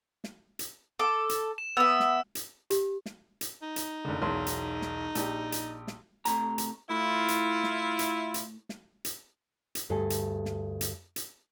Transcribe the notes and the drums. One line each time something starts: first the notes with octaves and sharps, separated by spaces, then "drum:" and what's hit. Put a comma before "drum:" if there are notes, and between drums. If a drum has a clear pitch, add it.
drum: snare
drum: hi-hat
A4 D6
drum: hi-hat
E7
B3 E5 E6
drum: snare
drum: hi-hat
G4, drum: hi-hat
drum: snare
drum: hi-hat
D#4
drum: hi-hat
F#1 D3
E1 B1 C6
drum: hi-hat
drum: snare
A#1 G4, drum: hi-hat
drum: hi-hat
drum: snare
C3 A3 A#5, drum: hi-hat
drum: hi-hat
A2 E4 F4
drum: hi-hat
drum: snare
drum: hi-hat
drum: hi-hat
drum: snare
drum: hi-hat
drum: hi-hat
D2 G2 G#4 A4
drum: hi-hat
drum: snare
drum: hi-hat
drum: hi-hat